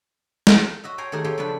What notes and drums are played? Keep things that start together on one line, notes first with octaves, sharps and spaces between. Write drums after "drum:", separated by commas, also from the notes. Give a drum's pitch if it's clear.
drum: snare
F#4 D#5 E5
C#5 G5 G#5 A#5 C6
D#3 A3 G4 G#4 A#4
C#4 E4 F4 G4 C#5 C6
C#3 F3 B3 D4 A4 B4